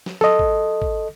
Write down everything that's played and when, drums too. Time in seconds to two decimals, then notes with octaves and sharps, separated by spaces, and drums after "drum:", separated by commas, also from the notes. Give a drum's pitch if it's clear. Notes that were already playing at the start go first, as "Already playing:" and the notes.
0.06 drum: snare
0.21 A4 D#5, drum: snare
0.39 drum: kick G#1
0.82 drum: kick G#1